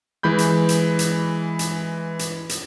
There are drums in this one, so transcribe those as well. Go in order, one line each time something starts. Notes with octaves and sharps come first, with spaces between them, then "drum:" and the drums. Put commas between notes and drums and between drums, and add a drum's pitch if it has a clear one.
E3 G#3 B5 G6
drum: hi-hat
drum: hi-hat
drum: hi-hat
drum: hi-hat
drum: hi-hat
drum: hi-hat